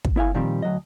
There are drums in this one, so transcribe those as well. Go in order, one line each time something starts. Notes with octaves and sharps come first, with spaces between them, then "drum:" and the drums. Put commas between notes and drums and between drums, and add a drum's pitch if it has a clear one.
drum: kick
B3 E4 F5 G#5
A#2 D#3 F3 G3 C4
D2 F#3 D#5